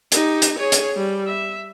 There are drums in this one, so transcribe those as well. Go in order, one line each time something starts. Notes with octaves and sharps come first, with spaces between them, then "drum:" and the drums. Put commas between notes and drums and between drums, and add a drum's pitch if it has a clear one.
D#4 G4, drum: hi-hat
drum: hi-hat
G#4 C#5
drum: hi-hat
G3
E5